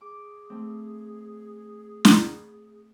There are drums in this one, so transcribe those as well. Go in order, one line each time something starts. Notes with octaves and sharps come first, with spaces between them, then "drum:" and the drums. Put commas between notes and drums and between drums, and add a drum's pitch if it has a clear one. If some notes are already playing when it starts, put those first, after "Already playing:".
G#4 D6
A3 C4
drum: snare